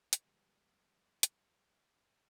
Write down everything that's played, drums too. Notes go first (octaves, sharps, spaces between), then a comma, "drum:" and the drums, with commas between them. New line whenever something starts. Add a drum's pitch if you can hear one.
drum: hi-hat
D3 F3 G3 G#3 B3
drum: hi-hat